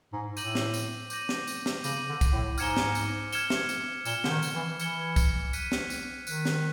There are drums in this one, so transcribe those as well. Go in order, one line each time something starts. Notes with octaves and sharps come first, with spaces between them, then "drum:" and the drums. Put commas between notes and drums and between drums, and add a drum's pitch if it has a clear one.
G#2
A2 D6 G6 A#6 D#7 F#7, drum: tambourine
drum: snare
drum: tambourine
D6 G6 A#6 D#7 F#7, drum: tambourine
drum: snare
drum: tambourine
drum: snare
C#3 D6 G6 A#6 D#7 F#7, drum: tambourine
D3
drum: kick C2, tambourine
A2
G#2 F6 G#6 C#7 E7 G7, drum: tambourine
drum: snare
drum: tambourine
F6 G#6 C#7 E7 G7, drum: tambourine
drum: snare
drum: tambourine
A#2 F6 G#6 C#7 E7 G7, drum: tambourine
D3, drum: snare
D#3
drum: tambourine
E3
E3 F6 G#6 C#7 E7 G7, drum: tambourine
drum: kick C2, tambourine
F#6 B6 D#7, drum: tambourine
drum: snare
drum: tambourine
D#3 F#6 B6 D#7, drum: tambourine
drum: snare